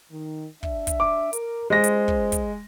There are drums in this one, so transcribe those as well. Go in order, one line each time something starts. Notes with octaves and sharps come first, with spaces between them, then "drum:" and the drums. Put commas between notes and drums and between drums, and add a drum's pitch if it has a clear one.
D#3
D4 E5, drum: kick
drum: kick, hi-hat
D6
A#4, drum: hi-hat
C#2 G#3 C5 A#6
drum: hi-hat
drum: kick
drum: kick, hi-hat